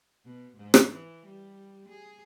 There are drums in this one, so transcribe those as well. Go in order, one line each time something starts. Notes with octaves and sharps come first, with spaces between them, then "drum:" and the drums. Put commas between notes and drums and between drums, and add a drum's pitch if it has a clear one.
B2
G#2
drum: rim click
E3
G3
G#4